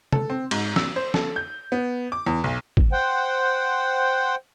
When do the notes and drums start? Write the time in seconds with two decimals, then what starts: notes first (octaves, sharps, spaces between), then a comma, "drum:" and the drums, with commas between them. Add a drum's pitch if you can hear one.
0.13 A4, drum: tom
0.30 C4
0.51 G#2, drum: cymbal
0.76 E6, drum: snare
0.96 C5
1.14 A4, drum: snare
1.36 G6
1.72 B3
2.12 D6
2.26 E2
2.44 B1
2.77 drum: kick
2.92 C5 F#5 G5